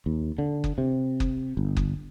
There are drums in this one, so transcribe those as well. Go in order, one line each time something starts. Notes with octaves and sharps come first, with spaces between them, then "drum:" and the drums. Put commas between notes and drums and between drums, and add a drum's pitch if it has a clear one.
D#2
D3
drum: kick F#1
C3
drum: kick F#1
G1
drum: kick F#1